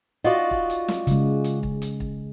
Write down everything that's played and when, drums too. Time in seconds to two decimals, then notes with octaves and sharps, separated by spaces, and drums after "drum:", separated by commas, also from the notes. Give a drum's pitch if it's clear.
0.25 F4 F#4 D5 D#5
0.51 drum: kick
0.70 drum: hi-hat
0.88 drum: snare
1.07 C#3 G#3, drum: kick, hi-hat
1.44 drum: hi-hat
1.63 drum: kick
1.82 drum: hi-hat
2.00 drum: kick